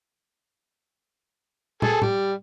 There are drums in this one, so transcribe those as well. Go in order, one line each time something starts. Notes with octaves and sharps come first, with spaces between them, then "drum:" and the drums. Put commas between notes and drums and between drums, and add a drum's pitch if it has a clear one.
G#4 A4, drum: tom
G3, drum: tom A2